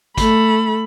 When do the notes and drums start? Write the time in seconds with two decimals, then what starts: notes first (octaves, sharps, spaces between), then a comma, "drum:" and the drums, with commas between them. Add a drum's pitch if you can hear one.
0.18 A3 B5, drum: kick, hi-hat